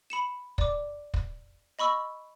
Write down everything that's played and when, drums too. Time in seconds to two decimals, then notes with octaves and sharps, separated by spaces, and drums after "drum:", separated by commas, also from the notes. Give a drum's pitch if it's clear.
0.10 B5 C#7 E7
0.58 D5 D6, drum: kick
1.14 drum: kick
1.79 D#5 B5 C#6 E6